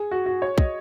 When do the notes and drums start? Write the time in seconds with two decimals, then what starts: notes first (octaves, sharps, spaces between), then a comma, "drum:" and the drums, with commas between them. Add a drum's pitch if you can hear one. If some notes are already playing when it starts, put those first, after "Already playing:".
Already playing: G#4
0.11 F#4
0.26 F#4
0.42 C#5
0.58 D#5, drum: kick